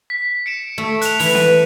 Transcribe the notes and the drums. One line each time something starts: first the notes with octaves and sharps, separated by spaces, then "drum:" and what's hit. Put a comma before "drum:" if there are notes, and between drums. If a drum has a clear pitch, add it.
B6
C#7 D7 E7
A3
F#6 F7, drum: hi-hat
E3, drum: open hi-hat
D#7, drum: snare